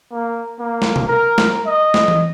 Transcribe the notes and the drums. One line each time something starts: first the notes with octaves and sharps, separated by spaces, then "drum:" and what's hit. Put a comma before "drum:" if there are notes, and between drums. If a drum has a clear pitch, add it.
A#3
A#3
drum: snare
drum: tom B2
A#4
drum: snare
D#5
drum: snare
drum: tom E3